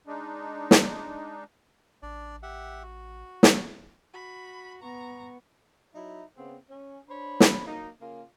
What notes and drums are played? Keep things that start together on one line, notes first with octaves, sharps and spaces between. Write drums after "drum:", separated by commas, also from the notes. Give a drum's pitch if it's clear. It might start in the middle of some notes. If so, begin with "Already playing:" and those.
G#3 D4 D#4
drum: snare
A1 D4 D5
G4 E5 F#5
F#4
drum: snare
F#4 B5
B3 A#5 C#6
F#3 D#4 E4
C#3 B3 C4
C#4
D4 C5 C#5 B5
drum: snare
F#3 A#3 D#4
C#3 A#3 F4 G#4 A#4